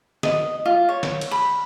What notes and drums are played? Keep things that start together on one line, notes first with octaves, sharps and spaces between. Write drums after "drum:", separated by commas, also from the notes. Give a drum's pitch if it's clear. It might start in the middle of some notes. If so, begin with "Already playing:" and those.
D#5, drum: snare
F4
C#5
drum: snare
drum: cymbal
B5